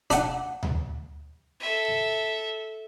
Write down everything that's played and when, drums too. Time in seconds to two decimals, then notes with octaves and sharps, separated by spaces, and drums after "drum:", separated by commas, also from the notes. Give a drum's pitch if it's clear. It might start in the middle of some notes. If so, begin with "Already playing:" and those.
0.10 D4 F#5, drum: hi-hat
0.63 drum: tom D2
1.60 A4 E5